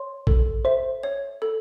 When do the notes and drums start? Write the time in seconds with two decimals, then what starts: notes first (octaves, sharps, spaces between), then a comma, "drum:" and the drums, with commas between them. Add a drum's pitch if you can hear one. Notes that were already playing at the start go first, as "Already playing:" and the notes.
Already playing: C#5 C6
0.27 A4, drum: kick
0.65 C5 E5
1.03 C#5
1.42 A4